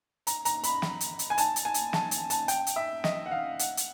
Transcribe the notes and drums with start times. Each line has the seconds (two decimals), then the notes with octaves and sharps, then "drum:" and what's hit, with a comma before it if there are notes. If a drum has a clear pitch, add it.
0.27 A#5, drum: hi-hat
0.45 A#5, drum: hi-hat
0.63 B5, drum: hi-hat
0.82 drum: snare
1.01 drum: hi-hat
1.19 drum: hi-hat
1.30 G#5
1.38 A5, drum: hi-hat
1.56 drum: hi-hat
1.65 G#5
1.74 drum: hi-hat
1.93 A5, drum: snare
2.11 drum: hi-hat
2.30 A5, drum: hi-hat
2.48 G5, drum: hi-hat
2.67 drum: hi-hat
2.76 E5
3.04 D#5, drum: snare
3.26 F#5
3.31 F5
3.59 F#5, drum: hi-hat
3.77 drum: hi-hat